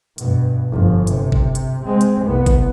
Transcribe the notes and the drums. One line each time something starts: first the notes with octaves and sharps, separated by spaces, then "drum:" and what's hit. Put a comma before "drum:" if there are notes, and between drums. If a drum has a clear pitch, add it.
G2 B2, drum: hi-hat
G1 F3
C3, drum: hi-hat
drum: kick G1
drum: hi-hat
G#3 C4
drum: hi-hat
C2 B3
drum: kick G1, hi-hat